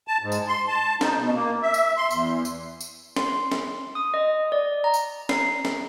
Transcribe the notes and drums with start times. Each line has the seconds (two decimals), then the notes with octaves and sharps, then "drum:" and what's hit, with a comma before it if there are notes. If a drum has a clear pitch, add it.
0.08 A5
0.22 G#2
0.32 drum: tambourine
0.48 C6
0.67 A5
1.01 D#4, drum: snare
1.18 B2
1.34 A#3
1.62 E5
1.74 drum: tambourine
1.97 C6
2.11 E2, drum: tambourine
2.45 drum: tambourine
2.80 drum: tambourine
3.16 C6, drum: snare
3.52 drum: snare
3.95 D#6
4.14 D#5
4.52 D5
4.84 A#5
4.94 drum: tambourine
5.29 C7, drum: snare
5.65 drum: snare